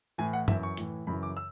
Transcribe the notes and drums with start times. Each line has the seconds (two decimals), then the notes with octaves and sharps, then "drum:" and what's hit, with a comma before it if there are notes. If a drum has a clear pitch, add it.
0.18 A2 E3 G#5
0.33 F#5
0.48 F#2 E3 E5, drum: tom G2
0.63 C#6
0.77 A2 E3, drum: hi-hat
1.07 F#2 C#3 E3 B5
1.23 D6
1.37 E6